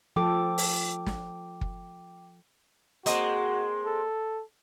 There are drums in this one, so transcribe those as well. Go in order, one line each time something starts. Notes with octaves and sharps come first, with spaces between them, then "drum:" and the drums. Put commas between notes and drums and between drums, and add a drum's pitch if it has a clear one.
F3 A4 G5 D6
drum: open hi-hat
drum: snare
drum: kick
G#3 A#3 C4 F#4 D#5 C6, drum: hi-hat
A4